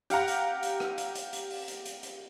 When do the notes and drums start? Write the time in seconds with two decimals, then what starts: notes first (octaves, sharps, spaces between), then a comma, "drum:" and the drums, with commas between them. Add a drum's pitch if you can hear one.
0.10 G4 F5 F#5 A#5, drum: hi-hat
0.28 drum: hi-hat
0.63 drum: hi-hat
0.80 drum: rim click
0.98 drum: hi-hat
1.15 drum: hi-hat
1.33 drum: hi-hat
1.50 drum: open hi-hat
1.68 drum: hi-hat
1.85 drum: hi-hat
2.03 drum: hi-hat